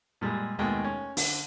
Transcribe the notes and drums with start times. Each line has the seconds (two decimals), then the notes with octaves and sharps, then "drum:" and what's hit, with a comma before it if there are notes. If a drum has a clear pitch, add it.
0.21 A#2 G3 G#3
0.59 D#2 B2 G#3 A3 G5
0.84 C#4
1.17 D3, drum: open hi-hat